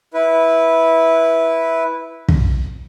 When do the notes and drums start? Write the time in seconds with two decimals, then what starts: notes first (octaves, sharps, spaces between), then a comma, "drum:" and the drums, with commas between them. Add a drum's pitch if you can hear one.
0.14 E4 B4
2.28 drum: kick